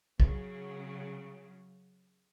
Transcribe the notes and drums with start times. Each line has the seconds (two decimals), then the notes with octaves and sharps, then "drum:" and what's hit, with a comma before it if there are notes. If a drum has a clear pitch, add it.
0.20 C#3 F#3, drum: kick